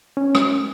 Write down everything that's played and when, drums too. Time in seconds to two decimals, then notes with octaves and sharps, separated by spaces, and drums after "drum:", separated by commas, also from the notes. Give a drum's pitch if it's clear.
0.17 C#4
0.35 drum: rim click